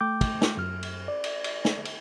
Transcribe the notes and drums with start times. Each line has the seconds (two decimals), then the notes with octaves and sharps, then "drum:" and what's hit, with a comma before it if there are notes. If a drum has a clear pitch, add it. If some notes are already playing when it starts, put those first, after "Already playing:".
0.01 A3 G5 D6 G6
0.21 drum: kick, cymbal
0.42 drum: snare
0.57 F#2 F6
0.83 drum: cymbal
1.08 D5
1.24 drum: cymbal
1.44 drum: cymbal
1.65 drum: snare
1.85 drum: cymbal